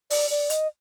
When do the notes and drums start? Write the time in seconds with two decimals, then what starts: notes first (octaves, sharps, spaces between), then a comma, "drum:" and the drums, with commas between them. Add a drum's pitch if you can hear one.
0.10 D5, drum: open hi-hat
0.30 D5
0.50 D#5, drum: hi-hat